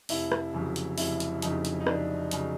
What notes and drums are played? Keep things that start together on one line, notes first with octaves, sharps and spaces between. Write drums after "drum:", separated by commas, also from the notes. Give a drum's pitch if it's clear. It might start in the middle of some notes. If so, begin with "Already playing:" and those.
F1 E4, drum: open hi-hat
drum: rim click
F2 C#3 F#3
drum: hi-hat
F1 E4, drum: open hi-hat
drum: hi-hat
F2 C#3 F#3 D#4, drum: hi-hat
drum: hi-hat
D#4
F1 D4, drum: rim click
C#3 F#3, drum: hi-hat